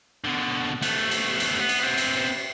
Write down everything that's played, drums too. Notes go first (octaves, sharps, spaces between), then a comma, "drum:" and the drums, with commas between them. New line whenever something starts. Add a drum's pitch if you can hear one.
B2 D3
A3 B3, drum: cymbal
drum: cymbal
drum: cymbal
B3
drum: cymbal
B3 C4
drum: cymbal